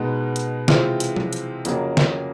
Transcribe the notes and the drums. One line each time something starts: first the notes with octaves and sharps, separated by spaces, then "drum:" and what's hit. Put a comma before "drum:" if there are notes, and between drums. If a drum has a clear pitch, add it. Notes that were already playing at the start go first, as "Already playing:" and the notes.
Already playing: B2 G#3 B3 D#4
drum: hi-hat
C3 E3 G#3 C4 F4, drum: snare
drum: hi-hat
drum: tom F#3
drum: hi-hat
F2 C#3 F#3 A#3, drum: hi-hat
drum: snare